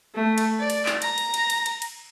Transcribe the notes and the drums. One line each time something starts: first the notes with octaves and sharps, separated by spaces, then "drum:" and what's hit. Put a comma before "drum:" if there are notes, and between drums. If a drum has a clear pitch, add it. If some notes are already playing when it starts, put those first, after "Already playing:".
A3
drum: cymbal
D5
drum: cymbal
drum: clap
A#5, drum: cymbal
drum: cymbal
drum: cymbal
drum: cymbal
drum: cymbal
drum: cymbal